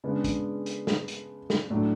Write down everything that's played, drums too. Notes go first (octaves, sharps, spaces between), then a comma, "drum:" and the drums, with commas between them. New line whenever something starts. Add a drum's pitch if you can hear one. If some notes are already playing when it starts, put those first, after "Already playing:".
C#3 G#3 B3 D4
drum: kick, hi-hat
drum: hi-hat
drum: snare
drum: hi-hat
drum: snare
A2 F#3 A3 D4